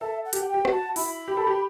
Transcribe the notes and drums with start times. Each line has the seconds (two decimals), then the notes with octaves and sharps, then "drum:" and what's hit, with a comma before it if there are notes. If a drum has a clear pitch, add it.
0.01 A4 E5
0.25 F#5
0.33 G4, drum: hi-hat
0.48 G5
0.54 G4
0.65 F#4, drum: rim click
0.72 A5
0.96 E4 B5, drum: open hi-hat
1.28 G4
1.37 A4
1.47 G4